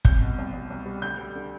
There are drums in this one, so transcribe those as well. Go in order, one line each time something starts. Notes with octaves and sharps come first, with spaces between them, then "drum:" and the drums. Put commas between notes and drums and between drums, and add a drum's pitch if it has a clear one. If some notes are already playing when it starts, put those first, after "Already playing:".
C2 G6, drum: kick
B2
C2
C2
C2
G3
D2 G6
G3
D3